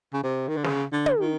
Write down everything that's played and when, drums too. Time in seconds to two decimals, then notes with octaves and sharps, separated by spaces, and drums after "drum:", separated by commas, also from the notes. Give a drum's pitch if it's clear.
0.13 C#3
0.23 C3
0.48 D#3
0.57 D3
0.64 C#3, drum: snare
0.92 D3
1.06 drum: tom
1.20 D#3